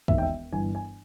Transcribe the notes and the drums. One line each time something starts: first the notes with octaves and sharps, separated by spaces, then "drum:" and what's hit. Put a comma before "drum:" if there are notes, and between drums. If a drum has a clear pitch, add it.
E1 D#2 D#3 E5, drum: kick
G5
E5
G1 G2 E3 G#5
G#5